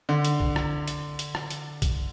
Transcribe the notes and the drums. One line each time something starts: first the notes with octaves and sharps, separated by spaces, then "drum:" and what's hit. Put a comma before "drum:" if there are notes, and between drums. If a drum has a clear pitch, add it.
D3
drum: hi-hat
drum: kick A#1
drum: rim click
drum: hi-hat
drum: hi-hat
drum: rim click
drum: hi-hat
drum: kick A#1, hi-hat